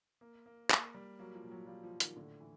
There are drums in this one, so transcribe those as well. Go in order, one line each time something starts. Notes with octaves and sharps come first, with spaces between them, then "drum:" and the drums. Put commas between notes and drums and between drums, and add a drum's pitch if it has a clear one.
A#3
A#3
A#3, drum: clap
G3
F#3 A#3
F3
A#2
F#3
F3 G3
F3
A#2
D#3, drum: hi-hat
A2 D3
E3